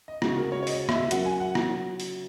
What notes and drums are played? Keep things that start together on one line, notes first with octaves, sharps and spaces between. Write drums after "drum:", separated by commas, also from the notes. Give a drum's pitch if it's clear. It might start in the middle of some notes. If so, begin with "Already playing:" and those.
D#5
C#3 G#3 C#4 F#4, drum: rim click
A#4
C#5
C#5
D#5, drum: open hi-hat
E5, drum: rim click
F#3 C#4 F#4 A#4 E5 F#5, drum: hi-hat
G#5
F#5
drum: rim click
drum: open hi-hat